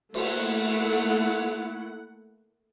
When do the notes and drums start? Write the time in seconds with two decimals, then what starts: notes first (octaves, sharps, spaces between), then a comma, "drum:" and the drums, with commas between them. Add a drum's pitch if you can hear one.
0.14 A3 A#3 E4 F#5, drum: cymbal